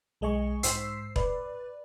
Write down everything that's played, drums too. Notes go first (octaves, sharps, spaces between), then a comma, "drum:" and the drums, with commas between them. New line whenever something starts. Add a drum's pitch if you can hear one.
B1 G#3 D#5 G#5 C#6
G#2 C5 E6 B6 C7, drum: hi-hat
B4 D5, drum: kick E1